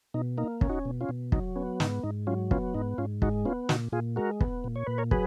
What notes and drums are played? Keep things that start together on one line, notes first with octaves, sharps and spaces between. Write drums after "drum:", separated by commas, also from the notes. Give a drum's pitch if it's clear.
B2 D#4
A#3 D#4
C#4, drum: kick
D#4 F#4
B2
C#4 F4
B2
F#3 D#4, drum: kick
B3 C#4
G#2 D#4, drum: snare
G#2 D#4
F#3 C#4 F4
B3 C#4 F4, drum: kick
G#2 D#4
G#2 C#4 F4
G#3 D#4 F#4, drum: kick
B3 C#4 F4
A#2 D#4 F#4, drum: snare
A#2 F4 G#4
G#3 F#4 A#4
B3, drum: kick
A#2
C#5
A#2 B4
A#4 C#5
F#3 G#4 B4, drum: kick